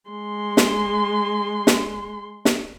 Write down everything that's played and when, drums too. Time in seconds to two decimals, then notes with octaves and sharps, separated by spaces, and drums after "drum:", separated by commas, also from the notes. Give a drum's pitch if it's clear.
0.10 G#3 C6
0.57 drum: snare
1.67 drum: snare
2.45 drum: snare